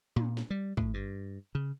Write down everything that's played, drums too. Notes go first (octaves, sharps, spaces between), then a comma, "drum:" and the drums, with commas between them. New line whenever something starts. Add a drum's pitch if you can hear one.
A#2, drum: tom
drum: snare
G3
A2, drum: kick
G2
C#3